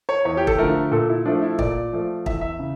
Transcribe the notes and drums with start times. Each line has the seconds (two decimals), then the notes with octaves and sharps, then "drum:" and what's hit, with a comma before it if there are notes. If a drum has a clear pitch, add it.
0.09 C#5
0.25 E2 C#5
0.37 G4
0.47 A4, drum: kick
0.58 D3 F3 A3 A#4
0.91 A#2 A4
1.09 E4
1.25 F3 A3 D4
1.42 E4
1.59 A#2 D5, drum: kick
1.93 F3 A3
2.26 E2 E5, drum: kick
2.41 E5
2.59 C#3